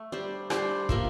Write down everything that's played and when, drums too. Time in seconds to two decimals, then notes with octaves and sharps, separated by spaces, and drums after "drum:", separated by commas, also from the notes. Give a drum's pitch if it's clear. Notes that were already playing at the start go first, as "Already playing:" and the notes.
Already playing: A3
0.12 G3 D4 G4 C5
0.50 G3 D4 G4 C5, drum: rim click
0.89 A#3 F4 A#4 E5, drum: kick